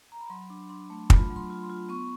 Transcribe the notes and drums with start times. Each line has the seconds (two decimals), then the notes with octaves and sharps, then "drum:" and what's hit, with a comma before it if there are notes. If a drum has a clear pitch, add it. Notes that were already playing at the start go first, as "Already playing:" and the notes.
0.12 A#5
0.21 B5
0.30 F#3 C6
0.50 D4
0.69 D4 C6
0.90 A3
1.10 F4 B5, drum: kick
1.30 F#3
1.36 C6
1.50 F4
1.63 C6
1.70 F4
1.89 B3 C#6